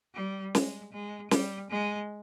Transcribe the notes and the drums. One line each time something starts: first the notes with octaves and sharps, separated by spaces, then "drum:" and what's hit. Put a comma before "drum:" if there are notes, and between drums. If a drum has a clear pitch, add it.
G3
G#3, drum: snare
G#3
G3, drum: snare
G#3